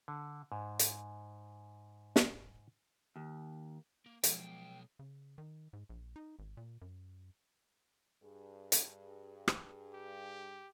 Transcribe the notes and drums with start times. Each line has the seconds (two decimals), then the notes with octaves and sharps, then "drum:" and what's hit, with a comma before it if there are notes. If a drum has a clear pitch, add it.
0.08 D3
0.52 G#2
0.79 drum: hi-hat
2.16 drum: snare
3.16 D#2
4.06 A#3
4.24 B1 F3 G#3 G5, drum: hi-hat
4.99 C#3
5.38 D#3
5.73 G#2
5.89 A#1
6.16 D#4
6.39 G#1
6.57 A#2
6.82 F#2
8.23 G2 G#4
8.72 drum: hi-hat
9.48 drum: rim click
9.94 G4